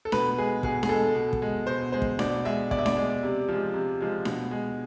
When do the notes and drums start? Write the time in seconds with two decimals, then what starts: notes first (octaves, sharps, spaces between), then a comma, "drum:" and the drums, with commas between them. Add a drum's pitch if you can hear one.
0.05 A4
0.12 B2 B4, drum: snare D4
0.38 G#3 G#4
0.63 B2 G#4, drum: kick
0.83 G#4, drum: snare D4
0.89 G#3 A4
1.15 B2
1.33 drum: kick
1.42 G#3
1.67 B2 C5
1.92 G#3 C5
2.02 drum: kick
2.19 B2 D5, drum: snare D4
2.45 G#3 E5
2.71 B2 D5, drum: kick
2.78 E5
2.86 D5, drum: snare D4
2.97 G#3
3.23 C3
3.48 F3 G#3
3.74 C3
4.00 F3 G#3
4.25 B2, drum: snare D4
4.51 G#3